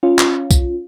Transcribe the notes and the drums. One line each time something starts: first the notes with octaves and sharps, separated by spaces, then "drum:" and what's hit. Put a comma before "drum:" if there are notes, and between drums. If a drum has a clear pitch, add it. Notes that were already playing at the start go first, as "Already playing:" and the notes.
C#4 F4
drum: clap
drum: kick B1, tambourine